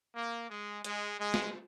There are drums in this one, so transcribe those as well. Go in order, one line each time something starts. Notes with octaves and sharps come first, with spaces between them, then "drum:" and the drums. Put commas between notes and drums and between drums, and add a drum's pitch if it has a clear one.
A#3
G#3
G#3, drum: hi-hat
G#3
drum: snare